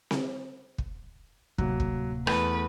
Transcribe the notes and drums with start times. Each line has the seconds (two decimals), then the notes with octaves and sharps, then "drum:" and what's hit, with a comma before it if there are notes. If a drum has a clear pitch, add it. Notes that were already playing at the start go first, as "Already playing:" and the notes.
0.11 drum: snare C4
0.78 drum: kick
1.58 D1 C3 F#3 A#3, drum: kick
1.80 drum: kick
2.27 E2 A3 B4, drum: rim click